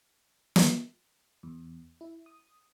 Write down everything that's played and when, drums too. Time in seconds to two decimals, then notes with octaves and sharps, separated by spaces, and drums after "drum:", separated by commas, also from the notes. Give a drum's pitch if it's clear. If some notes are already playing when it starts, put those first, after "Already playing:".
0.56 drum: snare
1.43 E2
2.01 E4
2.26 D#6